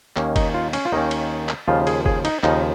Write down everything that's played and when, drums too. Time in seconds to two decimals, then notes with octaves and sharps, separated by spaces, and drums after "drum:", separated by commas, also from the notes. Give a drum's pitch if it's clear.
0.16 D#2 D#3 A#3 C#4, drum: clap
0.36 D#4, drum: kick F#1, cymbal
0.54 F4
0.73 C#4, drum: cymbal
0.85 F4
0.92 D#2 D#3 A#3 C#4 D#4
1.11 drum: cymbal
1.49 drum: clap
1.68 D#2 C#3 F3 F4
1.87 G#4, drum: cymbal
2.06 G#4, drum: kick F#1
2.25 D#4, drum: cymbal
2.43 D#2 C#3 F3 D#4, drum: clap